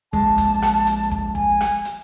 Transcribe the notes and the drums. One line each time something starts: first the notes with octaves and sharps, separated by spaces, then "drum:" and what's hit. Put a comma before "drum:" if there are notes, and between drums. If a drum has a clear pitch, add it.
A#1 G#3 A5, drum: kick
drum: kick, hi-hat
drum: rim click
drum: hi-hat
drum: kick
G#5, drum: kick
drum: rim click
drum: hi-hat